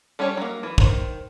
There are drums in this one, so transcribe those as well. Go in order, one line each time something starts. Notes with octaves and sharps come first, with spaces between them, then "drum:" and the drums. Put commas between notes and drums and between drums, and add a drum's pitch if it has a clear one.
G3 C#4 D4 G4 C#5
F#3 A#3
E3
D#3 C5, drum: kick